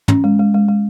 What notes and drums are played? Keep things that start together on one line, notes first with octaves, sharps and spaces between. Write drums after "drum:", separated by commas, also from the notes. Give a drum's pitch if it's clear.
C#4, drum: tom
G#3
G#3
G#3
G#3